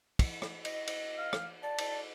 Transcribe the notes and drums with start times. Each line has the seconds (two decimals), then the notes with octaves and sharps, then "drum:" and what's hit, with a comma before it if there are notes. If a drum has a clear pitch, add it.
0.19 drum: kick, cymbal
0.42 drum: rim click
0.65 D#5, drum: cymbal
0.87 drum: cymbal
1.18 F5
1.33 drum: rim click
1.63 D5 A5
1.78 drum: cymbal